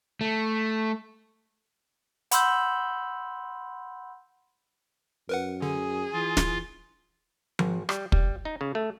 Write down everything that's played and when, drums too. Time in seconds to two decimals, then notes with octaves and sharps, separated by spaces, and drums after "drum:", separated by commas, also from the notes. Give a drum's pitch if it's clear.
0.21 A3
2.31 F#5 B5 C6 E6 G6, drum: hi-hat
5.29 F#2 A#4 B4 F#5
5.62 D3 G#4
6.13 E3 F4
6.37 drum: snare
7.59 G#1, drum: tom F3
7.89 G3, drum: rim click
8.12 G3, drum: kick
8.45 D#4
8.61 C#3
8.75 A3